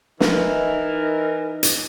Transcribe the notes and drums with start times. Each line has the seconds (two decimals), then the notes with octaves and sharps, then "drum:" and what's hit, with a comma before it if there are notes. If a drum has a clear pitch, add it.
0.20 E3 D#4 A#4, drum: snare
1.63 drum: hi-hat